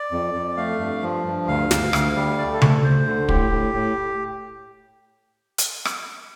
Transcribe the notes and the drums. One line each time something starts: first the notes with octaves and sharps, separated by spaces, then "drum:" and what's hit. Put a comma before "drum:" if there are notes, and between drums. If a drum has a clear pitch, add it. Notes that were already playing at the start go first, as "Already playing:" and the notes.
Already playing: D5
F2
F2
A3 F5
G2
F3
G2
D2 F5
D2, drum: snare
D2, drum: rim click
G3
A3 D5
A4
D2, drum: tom C#3
A4
D2 C5
D3
A2 G4, drum: kick
A2
A2
drum: hi-hat
drum: rim click